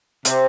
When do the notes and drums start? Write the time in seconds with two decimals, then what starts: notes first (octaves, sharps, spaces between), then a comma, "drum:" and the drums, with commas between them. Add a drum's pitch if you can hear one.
0.25 C3 C4, drum: hi-hat